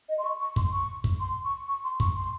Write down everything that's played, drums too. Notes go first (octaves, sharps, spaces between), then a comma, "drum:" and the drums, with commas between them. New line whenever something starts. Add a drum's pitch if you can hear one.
D#5
C6
C#6
C#6
C6, drum: kick
C#6
drum: kick
C6
C#6
C#6
C6
C#6, drum: kick
C6